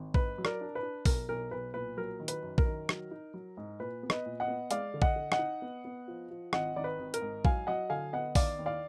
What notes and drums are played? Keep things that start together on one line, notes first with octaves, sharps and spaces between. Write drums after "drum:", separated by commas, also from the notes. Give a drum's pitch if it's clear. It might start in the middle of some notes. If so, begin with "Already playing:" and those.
Already playing: G#1
G#2 B4, drum: kick A#1
F#3
A#4 D5, drum: rim click
D4
B4
D4
B1 A#4, drum: kick A#1, open hi-hat
B1 A#4
B1 B4
A#2 B4
F#3 A#4
D#3
B4, drum: hi-hat
F#2
A#4, drum: kick A#1
D#3
F#3, drum: rim click
D#4
F#3
G#2
A#2 B4
B3
B4 D#5, drum: rim click
A#2
D#5 F#5
B3
G#3 D5 F5, drum: hi-hat
D3
D#5 F#5, drum: kick A#1
D3
D#5 F#5, drum: rim click
D#4
B3
B3
F3
F3
G#1 D#5 F#5, drum: rim click
D#3 D5
B4
G#1
A#4, drum: hi-hat
G#2
F#3 F5 G#5, drum: kick A#1
F#3 D#5 F#5
D3 F5 G#5
B3 D#5 F#5
D#3 D5 F5, drum: kick A#1, open hi-hat
D#2
D5 F5